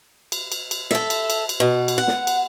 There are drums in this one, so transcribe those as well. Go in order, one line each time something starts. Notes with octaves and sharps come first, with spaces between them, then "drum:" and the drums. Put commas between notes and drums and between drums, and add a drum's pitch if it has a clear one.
drum: cymbal
drum: cymbal
drum: cymbal
A4 E5, drum: snare
drum: cymbal
drum: cymbal
drum: cymbal
B2
drum: cymbal
F#5
drum: snare
drum: cymbal